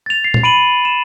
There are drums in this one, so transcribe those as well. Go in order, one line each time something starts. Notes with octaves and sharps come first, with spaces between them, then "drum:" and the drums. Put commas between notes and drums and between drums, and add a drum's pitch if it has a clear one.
A6 F7
C7
drum: tom A#2
B5 D7 D#7 F#7
E7